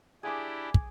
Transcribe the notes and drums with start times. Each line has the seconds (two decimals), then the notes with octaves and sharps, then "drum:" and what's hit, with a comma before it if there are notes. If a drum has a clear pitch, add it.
0.23 D4 E4 G4 G#4 D6
0.74 drum: kick